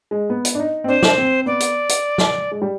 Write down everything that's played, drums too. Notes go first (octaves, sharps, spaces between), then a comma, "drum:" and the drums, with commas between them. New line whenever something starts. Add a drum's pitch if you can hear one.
G#3
B3
drum: hi-hat
D4
D#4
C4
D4 C5
drum: snare
C4
B3 D5
drum: hi-hat
drum: hi-hat
drum: snare
G#3
G3